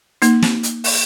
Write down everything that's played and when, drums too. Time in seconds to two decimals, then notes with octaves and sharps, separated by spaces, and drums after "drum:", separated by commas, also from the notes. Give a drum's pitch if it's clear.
0.22 A#3 D#4, drum: hi-hat
0.42 drum: snare
0.63 drum: hi-hat
0.84 drum: open hi-hat